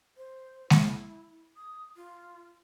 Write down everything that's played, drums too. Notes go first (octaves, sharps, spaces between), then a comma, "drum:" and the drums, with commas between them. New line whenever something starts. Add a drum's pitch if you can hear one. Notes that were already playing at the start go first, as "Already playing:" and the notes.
C5
E4, drum: snare G#3
D#6
F4